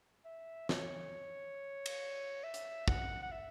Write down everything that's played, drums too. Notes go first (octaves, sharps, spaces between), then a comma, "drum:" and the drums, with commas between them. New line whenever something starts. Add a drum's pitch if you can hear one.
E5
C#5, drum: snare
drum: cymbal
E5
drum: hi-hat
F#5, drum: kick
F#5
E5